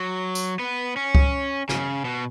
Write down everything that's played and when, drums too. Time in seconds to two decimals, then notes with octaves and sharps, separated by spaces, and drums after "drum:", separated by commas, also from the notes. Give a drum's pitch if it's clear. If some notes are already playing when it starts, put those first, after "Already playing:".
Already playing: F#3
0.35 drum: tambourine
0.59 B3
0.96 C#4
1.15 drum: kick C#2
1.69 C#3, drum: snare
2.05 B2